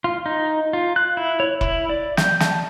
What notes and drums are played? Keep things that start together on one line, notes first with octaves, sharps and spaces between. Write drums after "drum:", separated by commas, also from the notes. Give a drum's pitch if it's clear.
F4
D#4
F4
F#6
E4
C#5
E4, drum: kick E1
D5
G6, drum: snare
A5, drum: snare